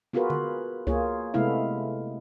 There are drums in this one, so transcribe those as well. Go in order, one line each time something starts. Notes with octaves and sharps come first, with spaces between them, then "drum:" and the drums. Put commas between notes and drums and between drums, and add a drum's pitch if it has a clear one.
B3 F4 F#4 G#4 A#4 B4
drum: tom D3
A#3 F4 G#4 C#5, drum: kick C#2
C3 G#3 A3 B3 E4 F5